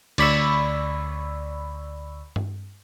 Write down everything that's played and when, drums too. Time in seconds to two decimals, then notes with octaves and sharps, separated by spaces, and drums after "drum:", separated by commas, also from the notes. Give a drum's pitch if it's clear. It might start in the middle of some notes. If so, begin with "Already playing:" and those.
0.18 D2 D5 B5 C#6 E6, drum: cymbal
2.36 drum: tom G2